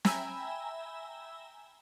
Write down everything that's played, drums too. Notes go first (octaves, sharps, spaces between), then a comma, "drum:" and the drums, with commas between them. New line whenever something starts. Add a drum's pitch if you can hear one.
E5 G5 G#5 A#5 B5 E6, drum: snare